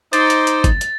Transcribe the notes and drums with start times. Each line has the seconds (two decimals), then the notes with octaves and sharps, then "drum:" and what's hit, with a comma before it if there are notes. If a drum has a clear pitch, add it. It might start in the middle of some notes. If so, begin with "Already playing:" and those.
0.13 D#4 C5 D6 A6, drum: hi-hat
0.30 drum: hi-hat
0.47 drum: hi-hat
0.64 drum: kick, hi-hat
0.81 drum: hi-hat